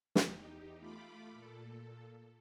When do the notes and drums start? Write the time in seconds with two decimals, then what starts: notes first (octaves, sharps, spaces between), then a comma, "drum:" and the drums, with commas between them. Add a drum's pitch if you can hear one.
0.16 E2 D#4 G4, drum: snare
0.78 A3 F4 B5 D6
1.32 A#2 A4